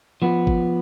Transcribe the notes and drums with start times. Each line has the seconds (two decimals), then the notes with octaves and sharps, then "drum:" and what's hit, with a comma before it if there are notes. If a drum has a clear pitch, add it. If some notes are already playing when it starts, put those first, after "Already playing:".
0.22 F3 B3
0.47 drum: kick G#1